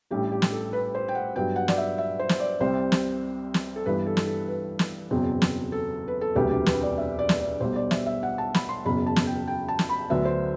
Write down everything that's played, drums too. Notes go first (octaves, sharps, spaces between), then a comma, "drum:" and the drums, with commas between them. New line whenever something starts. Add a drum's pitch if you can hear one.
A1 A2 G3 D4 G4
G4
drum: snare
A4
B4
C5
G5
F#5
G2 F#3 B3 G5
F#5
D5, drum: snare
E5
E5
C5
drum: snare
D5
C2 C3 G3 C4 C5
drum: snare
drum: snare
A4
G2 E3 G3 B3 B4
A4
drum: snare
A4
B4
drum: snare
F#1 E2 B2 F#3 C4
drum: snare
A4
B4
A4
E1 D2 C3 F#3 B3 G4
G4
B4, drum: snare
D5
E5
D5
drum: snare
D5
B1 B2 G3 C5
D5
E5, drum: snare
E5
F#5
A5
B5, drum: snare
C6
F#1 E2 B2 F#3 B5
A5
drum: snare
G5
G5
A5
drum: snare
B5
D2 D3 F#3 B3 E5
C5